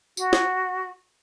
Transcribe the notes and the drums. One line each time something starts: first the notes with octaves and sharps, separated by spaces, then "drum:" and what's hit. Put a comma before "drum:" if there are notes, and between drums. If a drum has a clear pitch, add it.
F#4, drum: tambourine
drum: snare